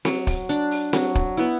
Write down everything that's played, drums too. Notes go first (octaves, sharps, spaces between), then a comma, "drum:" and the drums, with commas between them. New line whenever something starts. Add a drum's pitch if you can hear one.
F#3, drum: snare C4
drum: kick, open hi-hat
D4, drum: hi-hat
drum: open hi-hat
F#3, drum: snare C4
drum: kick
B3 E4, drum: hi-hat